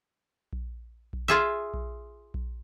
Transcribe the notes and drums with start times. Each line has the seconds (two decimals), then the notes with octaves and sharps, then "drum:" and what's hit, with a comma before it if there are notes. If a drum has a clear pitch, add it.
0.53 drum: kick A#1
1.13 drum: kick A#1
1.28 F4 G#4 E5
1.74 drum: kick A#1
2.34 drum: kick A#1